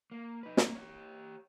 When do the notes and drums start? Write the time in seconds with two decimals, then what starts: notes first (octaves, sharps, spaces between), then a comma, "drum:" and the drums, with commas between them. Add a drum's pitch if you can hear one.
0.12 A#3
0.43 D#4 B4
0.57 A#3, drum: snare
0.75 G4 C#5